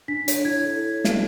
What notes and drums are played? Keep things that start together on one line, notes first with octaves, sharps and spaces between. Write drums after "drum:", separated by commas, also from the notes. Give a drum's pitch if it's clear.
D4 B6
C#5, drum: hi-hat
E4 G#6
A4
drum: snare